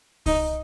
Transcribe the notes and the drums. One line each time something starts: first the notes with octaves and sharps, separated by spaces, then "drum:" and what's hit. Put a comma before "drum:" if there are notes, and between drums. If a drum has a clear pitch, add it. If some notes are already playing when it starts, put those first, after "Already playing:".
D#4, drum: kick C2, open hi-hat